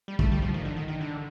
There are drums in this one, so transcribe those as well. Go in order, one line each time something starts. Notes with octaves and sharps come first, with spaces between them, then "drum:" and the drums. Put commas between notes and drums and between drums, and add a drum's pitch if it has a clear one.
G3
A3, drum: kick
G3
F3
D#3
D3
D#3
D#3
D3